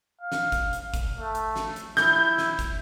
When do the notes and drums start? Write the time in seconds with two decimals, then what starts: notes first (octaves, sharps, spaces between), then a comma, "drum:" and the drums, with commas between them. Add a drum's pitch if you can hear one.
0.21 F5
0.32 drum: snare
0.52 drum: kick, hi-hat
0.73 drum: hi-hat
0.94 drum: kick, hi-hat
1.17 A3
1.35 drum: hi-hat
1.56 drum: snare
1.76 drum: hi-hat
1.97 E4 G6, drum: snare
2.38 drum: snare
2.59 drum: kick, hi-hat